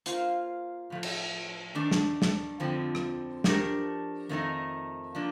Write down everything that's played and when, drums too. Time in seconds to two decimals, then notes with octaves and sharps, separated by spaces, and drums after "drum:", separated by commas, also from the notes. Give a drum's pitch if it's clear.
0.06 A#3 F4 C5 F5, drum: hi-hat
0.90 A2 F3 A3
1.03 drum: cymbal
1.75 D#3 A3 D4
1.91 drum: snare
2.22 drum: snare
2.60 F2 D3 F3 C4
2.95 drum: rim click
3.44 F3 A3 D4 G4 A#4, drum: snare
4.29 F2 D#3 A3 D#4
5.15 F3 A#3 D4